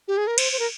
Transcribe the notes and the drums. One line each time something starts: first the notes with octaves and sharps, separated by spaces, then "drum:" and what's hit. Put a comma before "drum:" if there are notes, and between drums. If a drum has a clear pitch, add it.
G4
G#4
A#4
C5, drum: cymbal
C5
A#4